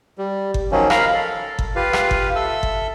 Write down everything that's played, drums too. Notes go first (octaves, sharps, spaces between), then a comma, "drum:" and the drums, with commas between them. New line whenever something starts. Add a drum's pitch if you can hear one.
G3
drum: kick G1
D#3 F3 F#3 A#3 C#4
A#4 F5 A#5 B5, drum: rim click
A4
drum: kick G1
F4 G4 B4 F5
drum: rim click
drum: kick G1
A4 E5 E6
drum: kick G1